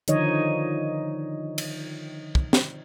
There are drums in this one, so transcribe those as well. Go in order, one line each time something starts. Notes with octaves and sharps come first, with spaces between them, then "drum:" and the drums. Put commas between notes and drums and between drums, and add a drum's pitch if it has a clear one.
D3 D#3 F3 D#4 C#5 D#5, drum: hi-hat
drum: cymbal
drum: kick
drum: snare